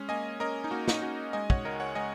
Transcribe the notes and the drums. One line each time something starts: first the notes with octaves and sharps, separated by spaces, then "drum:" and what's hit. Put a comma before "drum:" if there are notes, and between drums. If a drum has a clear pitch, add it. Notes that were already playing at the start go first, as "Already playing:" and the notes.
Already playing: G#3 C#4
A#3 D#5 G#5
C#4 A#4 D#5
D#4
A#3 F#4
D#4, drum: snare
C#4 F#4
G#3 D#5 G#5
C#5 F#5, drum: kick
C#2 A#4 D#5
C#5 F#5
G#3 D#5 G#5